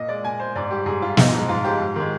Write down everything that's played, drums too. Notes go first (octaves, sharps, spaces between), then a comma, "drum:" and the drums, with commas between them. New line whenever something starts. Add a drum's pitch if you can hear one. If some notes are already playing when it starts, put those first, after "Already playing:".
Already playing: A#2 D#5
G#3 D5
A#2 G#5
G#3 C5
G#2 D5
G3 G4
G#2 G#4
G3 F4
G#2 D#4, drum: snare
F3 G#3 D#4
G#2 F4
F3 G#3 G4
G#2
D#3 G#3